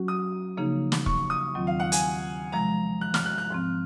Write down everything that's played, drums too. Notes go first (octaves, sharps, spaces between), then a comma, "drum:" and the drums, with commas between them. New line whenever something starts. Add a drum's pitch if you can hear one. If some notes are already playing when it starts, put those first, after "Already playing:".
Already playing: F#3 C#4 F#4
D#6
C#3 F3 A#3 D#4 G#4
drum: snare
C#6, drum: kick
D#6
D#2 D#3 F#3 C4 F4
F5
F#5
G#5, drum: hi-hat
C3 F3 G#3 A#5
F#6
F6, drum: snare
F#6
F#6
G#2 F3 C4